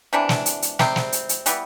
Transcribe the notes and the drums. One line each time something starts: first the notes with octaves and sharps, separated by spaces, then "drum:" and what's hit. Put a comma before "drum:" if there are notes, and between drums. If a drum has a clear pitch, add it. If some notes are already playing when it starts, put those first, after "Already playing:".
C3 E3 B3 D4
drum: snare
drum: hi-hat
drum: hi-hat
C3 G3 C4, drum: snare
drum: snare
drum: hi-hat
drum: hi-hat
E3 G3 B3, drum: hi-hat